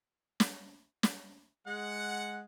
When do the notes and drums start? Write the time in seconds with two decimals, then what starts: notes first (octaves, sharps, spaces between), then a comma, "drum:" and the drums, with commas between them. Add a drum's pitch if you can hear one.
0.40 drum: snare
1.03 drum: snare
1.66 G#3 F#5